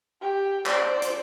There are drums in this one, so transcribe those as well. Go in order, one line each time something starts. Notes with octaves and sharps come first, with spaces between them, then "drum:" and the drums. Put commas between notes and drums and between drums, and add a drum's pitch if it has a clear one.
G4
C5 D5, drum: clap
drum: hi-hat